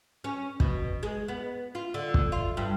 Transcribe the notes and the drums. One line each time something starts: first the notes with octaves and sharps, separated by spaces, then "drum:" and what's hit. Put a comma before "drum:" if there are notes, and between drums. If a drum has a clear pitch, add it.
C#4
B2, drum: kick
G#3
B3
F4
D3
drum: kick
F4
G2